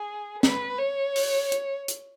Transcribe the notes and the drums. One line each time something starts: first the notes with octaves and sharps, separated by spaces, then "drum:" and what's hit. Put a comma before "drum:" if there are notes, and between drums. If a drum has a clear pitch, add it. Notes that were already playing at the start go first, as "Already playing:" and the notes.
Already playing: G#4
B4, drum: snare
C#5
drum: open hi-hat
drum: hi-hat
drum: hi-hat